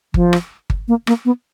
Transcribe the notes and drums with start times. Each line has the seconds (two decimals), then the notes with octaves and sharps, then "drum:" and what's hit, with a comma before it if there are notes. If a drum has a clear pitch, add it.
0.14 F3, drum: kick G1
0.33 drum: rim click
0.70 drum: kick G1
0.88 A#3
1.07 A#3, drum: rim click
1.25 B3